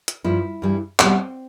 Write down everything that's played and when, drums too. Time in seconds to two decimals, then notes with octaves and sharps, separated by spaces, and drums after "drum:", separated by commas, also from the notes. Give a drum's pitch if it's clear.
0.08 drum: hi-hat
0.24 G2 F3 E4
0.62 G2 E3 G3
0.99 E2 B2 G3 C4, drum: clap